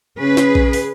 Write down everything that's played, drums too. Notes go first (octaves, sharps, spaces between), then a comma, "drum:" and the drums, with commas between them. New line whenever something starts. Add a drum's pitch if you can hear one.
C#3 C#4 G#4 B4
drum: snare
drum: kick A#1
drum: open hi-hat